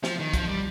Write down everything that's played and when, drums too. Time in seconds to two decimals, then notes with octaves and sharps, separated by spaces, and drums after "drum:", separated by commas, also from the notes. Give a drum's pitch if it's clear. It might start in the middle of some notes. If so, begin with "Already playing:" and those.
0.04 F3, drum: snare
0.20 D#3
0.33 F3, drum: kick, hi-hat
0.49 G3